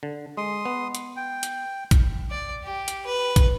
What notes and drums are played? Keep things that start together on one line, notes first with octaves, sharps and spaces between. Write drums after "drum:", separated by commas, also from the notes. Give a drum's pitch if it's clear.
D3
G#3 C6 D#6
B3
drum: hi-hat
G5
drum: hi-hat
drum: kick, hi-hat
D5
G4
drum: hi-hat
B4
drum: kick, hi-hat